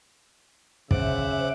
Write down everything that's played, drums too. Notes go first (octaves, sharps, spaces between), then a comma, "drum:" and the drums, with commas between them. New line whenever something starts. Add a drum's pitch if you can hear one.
C#3 C5 E5 F#5 D6, drum: kick